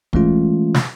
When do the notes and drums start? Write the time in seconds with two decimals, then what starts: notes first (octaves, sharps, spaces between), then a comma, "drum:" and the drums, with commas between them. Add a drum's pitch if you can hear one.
0.13 E3 G#3 A3 C#4 F4, drum: kick
0.74 drum: snare